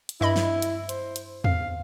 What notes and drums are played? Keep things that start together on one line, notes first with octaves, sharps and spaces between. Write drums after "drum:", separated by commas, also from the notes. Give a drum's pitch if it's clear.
drum: hi-hat
G2 E4 D#5 B5
drum: snare
drum: hi-hat
C5, drum: hi-hat
drum: hi-hat
F5, drum: tom E2